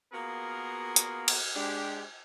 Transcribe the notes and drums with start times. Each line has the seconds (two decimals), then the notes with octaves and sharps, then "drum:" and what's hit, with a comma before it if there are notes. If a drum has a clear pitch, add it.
0.13 A#3 B3 F4 F#4 G#4 A#4
0.96 drum: hi-hat
1.28 drum: cymbal
1.54 G#3 D4 G4